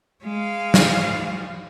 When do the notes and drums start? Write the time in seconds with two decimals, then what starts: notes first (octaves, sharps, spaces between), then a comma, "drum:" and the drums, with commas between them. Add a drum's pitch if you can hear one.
0.23 G#3 F5
0.74 drum: snare